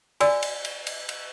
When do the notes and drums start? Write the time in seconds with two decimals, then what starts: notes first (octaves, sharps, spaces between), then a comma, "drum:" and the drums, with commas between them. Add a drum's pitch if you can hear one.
0.20 F#4 D5 G#5 E6, drum: cymbal
0.43 drum: cymbal
0.65 drum: cymbal
0.87 drum: cymbal
1.09 drum: cymbal